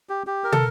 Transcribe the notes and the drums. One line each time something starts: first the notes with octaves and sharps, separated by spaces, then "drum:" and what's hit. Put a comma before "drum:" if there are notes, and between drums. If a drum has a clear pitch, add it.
G4
G4
A#4
A4, drum: tom